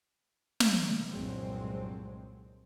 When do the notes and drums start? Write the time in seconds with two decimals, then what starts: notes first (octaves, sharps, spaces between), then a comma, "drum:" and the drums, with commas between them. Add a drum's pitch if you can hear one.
0.60 drum: snare
1.09 C2 G2 A#2 F#3 G#3 C4